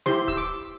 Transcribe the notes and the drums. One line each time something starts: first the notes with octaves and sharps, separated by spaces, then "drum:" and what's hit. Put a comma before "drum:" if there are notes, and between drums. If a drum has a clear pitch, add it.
E4 G4 C5 C6, drum: snare
E6, drum: kick
D6